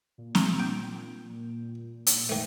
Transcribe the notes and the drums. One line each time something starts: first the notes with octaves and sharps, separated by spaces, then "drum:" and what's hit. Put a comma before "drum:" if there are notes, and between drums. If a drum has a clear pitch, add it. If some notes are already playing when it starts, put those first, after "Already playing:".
A#2
drum: snare C4
G5
drum: hi-hat
D#3 A3